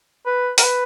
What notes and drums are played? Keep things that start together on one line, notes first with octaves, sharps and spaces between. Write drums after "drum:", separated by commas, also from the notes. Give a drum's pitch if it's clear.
B4
A#4, drum: open hi-hat
B4